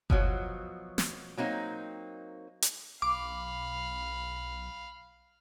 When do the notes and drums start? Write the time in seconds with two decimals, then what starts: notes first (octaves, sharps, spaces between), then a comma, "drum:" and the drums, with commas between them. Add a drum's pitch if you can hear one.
0.10 B2 F3 F#3, drum: kick F#1
0.98 drum: snare
1.37 F#3 A#3 C4 D#4
2.62 drum: hi-hat
3.02 B1 F5 B5 D6